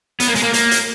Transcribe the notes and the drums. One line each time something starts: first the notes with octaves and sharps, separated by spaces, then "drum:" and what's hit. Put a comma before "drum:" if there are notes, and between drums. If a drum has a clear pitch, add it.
B3, drum: hi-hat
A#3
G#3, drum: hi-hat
A#3
A#3, drum: hi-hat
drum: hi-hat